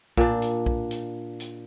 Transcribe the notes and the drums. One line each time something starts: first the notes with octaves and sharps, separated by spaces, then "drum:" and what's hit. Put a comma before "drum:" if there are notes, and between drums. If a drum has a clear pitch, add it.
A#2 D4, drum: kick B1
drum: hi-hat
drum: kick B1
drum: hi-hat
drum: hi-hat